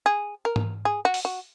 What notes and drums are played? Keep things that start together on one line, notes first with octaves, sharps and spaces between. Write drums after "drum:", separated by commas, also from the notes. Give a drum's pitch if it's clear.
G#4
A#4
drum: tom G#2
G#4
F#4
drum: open hi-hat
F#4